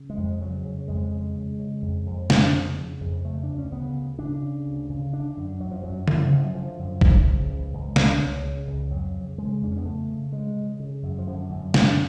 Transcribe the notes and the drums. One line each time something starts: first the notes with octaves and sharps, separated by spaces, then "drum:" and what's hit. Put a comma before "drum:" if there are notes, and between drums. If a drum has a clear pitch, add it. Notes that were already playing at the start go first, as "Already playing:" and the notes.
Already playing: C#3
G#3
F2
C#3 F#3
C#3
F2 G#3
C#3
C#3
C#3
F2
F2
F2, drum: snare
C#3
C#3
F2
C#3 A3
D4
D2
C#4
C#3 B3
D2
C#3 D4
C#3
D2
C#3
D3 D4
F#2
F#2 F#3
F3
F#2 F#3
F#2 F3, drum: tom C#3
F#2
D3 F3
F#2
C#2, drum: kick
C#3
C#2
C#2
C#2, drum: snare
C#2
C#3
C#2
F2 F#3
C#3
C#3 G#3
F2 D4
C#4
B3
C#3 A3
C#3
C#3 G#3
C#3
C#3
F#2
F3
F#2 D3
F#2
F#2, drum: snare